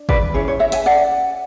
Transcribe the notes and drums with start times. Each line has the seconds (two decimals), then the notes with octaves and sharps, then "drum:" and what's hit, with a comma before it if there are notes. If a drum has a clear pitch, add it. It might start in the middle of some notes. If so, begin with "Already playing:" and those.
Already playing: D4
0.09 B4 D5, drum: kick
0.34 C#4 E4 G#4 C#5
0.48 C#5
0.60 C#5 E5
0.72 E5 G#5, drum: hi-hat
0.86 D5 F#5